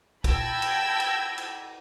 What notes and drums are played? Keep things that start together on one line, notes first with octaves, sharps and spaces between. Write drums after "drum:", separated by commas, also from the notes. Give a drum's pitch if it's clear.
G5 A5 B5 E6 G#6 A#6, drum: kick, cymbal
drum: cymbal
drum: cymbal
drum: cymbal